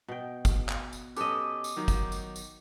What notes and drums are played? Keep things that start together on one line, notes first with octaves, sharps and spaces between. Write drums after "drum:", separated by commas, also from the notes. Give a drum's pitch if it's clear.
B2 G5
drum: kick, tambourine
drum: clap
drum: tambourine
C#4 G4 A4 B4 D#5 D6, drum: tambourine
drum: tambourine
D#3 F#3 D#4
drum: kick, tambourine
drum: tambourine
drum: tambourine